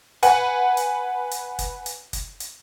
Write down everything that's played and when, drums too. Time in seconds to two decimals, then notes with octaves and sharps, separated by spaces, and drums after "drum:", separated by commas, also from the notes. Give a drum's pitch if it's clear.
0.23 B4 F#5 G#5, drum: hi-hat
0.77 drum: hi-hat
1.31 drum: hi-hat
1.59 drum: kick F#1, hi-hat
1.86 drum: hi-hat
2.13 drum: kick F#1, hi-hat
2.40 drum: hi-hat